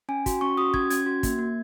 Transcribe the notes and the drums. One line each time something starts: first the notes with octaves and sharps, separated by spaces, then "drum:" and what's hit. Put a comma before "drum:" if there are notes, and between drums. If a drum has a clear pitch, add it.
C#4 G#5
F#4, drum: kick, hi-hat
C#4 C#6
F#4 D#6
C#4 G#6, drum: kick
C#4 G#6, drum: hi-hat
F#4
A#3, drum: kick, hi-hat
A#3